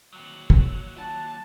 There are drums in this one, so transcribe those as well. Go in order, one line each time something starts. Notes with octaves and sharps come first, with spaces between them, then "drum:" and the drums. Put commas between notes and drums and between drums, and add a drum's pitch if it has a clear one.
D#2 F#3
drum: kick
A5